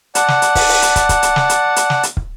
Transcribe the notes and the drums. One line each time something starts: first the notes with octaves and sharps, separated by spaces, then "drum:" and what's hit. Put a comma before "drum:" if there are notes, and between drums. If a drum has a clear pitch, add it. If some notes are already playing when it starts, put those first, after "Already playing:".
D5 F#5 A5, drum: hi-hat
drum: snare
drum: hi-hat
drum: kick, open hi-hat
drum: open hi-hat
drum: hi-hat
drum: kick, hi-hat
drum: kick, hi-hat
drum: hi-hat
drum: snare
drum: hi-hat
drum: hi-hat
drum: snare
drum: hi-hat
drum: kick